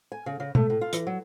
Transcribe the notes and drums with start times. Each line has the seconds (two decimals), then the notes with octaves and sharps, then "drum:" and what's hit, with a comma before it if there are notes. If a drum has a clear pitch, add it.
0.12 G#5
0.26 C#3
0.40 C#3
0.55 A3, drum: tom B2
0.70 A2
0.81 F4
0.93 E3, drum: hi-hat
1.07 F#3